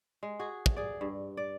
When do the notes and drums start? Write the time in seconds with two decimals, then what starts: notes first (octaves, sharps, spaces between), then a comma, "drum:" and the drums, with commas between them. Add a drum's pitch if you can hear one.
0.23 G#3
0.39 F#4 G#4
0.66 drum: kick
0.76 G#4 D5
1.01 G2
1.37 D5